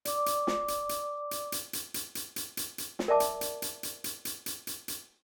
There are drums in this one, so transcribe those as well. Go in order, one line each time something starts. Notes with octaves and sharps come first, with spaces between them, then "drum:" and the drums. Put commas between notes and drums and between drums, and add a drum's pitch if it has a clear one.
D5 D6, drum: hi-hat
drum: hi-hat
drum: snare
drum: hi-hat
drum: hi-hat
drum: hi-hat
drum: hi-hat
drum: hi-hat
drum: hi-hat
drum: hi-hat
drum: hi-hat
drum: hi-hat
drum: hi-hat
drum: snare
A#4 D5 E5 A5 D6
drum: hi-hat
drum: hi-hat
drum: hi-hat
drum: hi-hat
drum: hi-hat
drum: hi-hat
drum: hi-hat
drum: hi-hat
drum: hi-hat